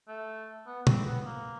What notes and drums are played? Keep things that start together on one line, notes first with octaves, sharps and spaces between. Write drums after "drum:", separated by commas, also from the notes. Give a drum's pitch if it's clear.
A3
B3
C4, drum: tom
B3
A#3